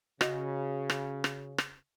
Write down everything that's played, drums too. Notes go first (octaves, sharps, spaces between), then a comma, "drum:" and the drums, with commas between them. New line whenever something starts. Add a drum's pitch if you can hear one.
C#3 F#4 D#5, drum: rim click
drum: rim click
drum: rim click
drum: rim click